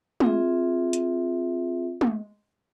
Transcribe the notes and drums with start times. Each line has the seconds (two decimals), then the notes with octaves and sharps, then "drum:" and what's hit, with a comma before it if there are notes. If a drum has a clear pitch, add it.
0.20 C4 F4 G#4 E5, drum: tom G#3
0.93 drum: hi-hat
2.01 drum: tom G#3